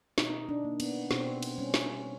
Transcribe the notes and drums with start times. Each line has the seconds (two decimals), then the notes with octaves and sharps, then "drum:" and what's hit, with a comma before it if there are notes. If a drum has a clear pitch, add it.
0.18 B2 D#4, drum: snare
0.49 D4
0.65 A#3
0.80 B3, drum: cymbal
1.11 B2 C4, drum: snare
1.43 drum: cymbal
1.58 G3 C#4
1.74 drum: snare